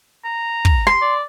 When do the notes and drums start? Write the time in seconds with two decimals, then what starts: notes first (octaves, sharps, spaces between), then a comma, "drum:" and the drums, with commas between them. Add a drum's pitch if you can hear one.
0.25 A#5
0.65 drum: kick
0.87 C6
1.01 D5